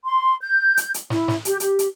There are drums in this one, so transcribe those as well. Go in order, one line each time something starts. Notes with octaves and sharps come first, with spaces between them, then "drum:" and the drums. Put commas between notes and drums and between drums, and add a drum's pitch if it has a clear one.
C6
G6
drum: hi-hat
drum: hi-hat
E4, drum: snare
drum: snare
G4, drum: hi-hat
G4, drum: hi-hat
drum: hi-hat